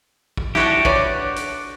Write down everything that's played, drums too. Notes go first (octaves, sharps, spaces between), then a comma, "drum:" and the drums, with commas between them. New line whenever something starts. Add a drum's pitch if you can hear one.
drum: kick
D4 E4 F#4 G4, drum: snare
B4 C#5 D5, drum: kick
drum: hi-hat